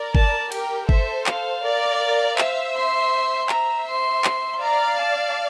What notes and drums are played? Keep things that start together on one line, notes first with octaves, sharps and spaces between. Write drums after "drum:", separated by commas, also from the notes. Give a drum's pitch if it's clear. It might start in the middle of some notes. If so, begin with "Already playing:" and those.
Already playing: A#4 D5
A5, drum: kick G1
G4 A#4 G5, drum: cymbal
A4 C5 E5, drum: kick G1
F5, drum: clap
A#4 D5
C5 E5, drum: clap
C6
C5 E5 A#5, drum: clap
C6
drum: clap
D5 F5 A#5
A5